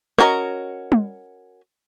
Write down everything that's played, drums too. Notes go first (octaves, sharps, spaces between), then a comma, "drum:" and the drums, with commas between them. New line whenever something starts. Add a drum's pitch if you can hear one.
C#4 F#4 A#4 C#5 D#5, drum: rim click
drum: tom